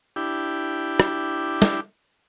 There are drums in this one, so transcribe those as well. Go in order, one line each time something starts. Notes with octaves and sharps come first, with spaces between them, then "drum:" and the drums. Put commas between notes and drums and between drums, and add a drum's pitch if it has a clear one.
D4 E4 G4
drum: rim click
drum: snare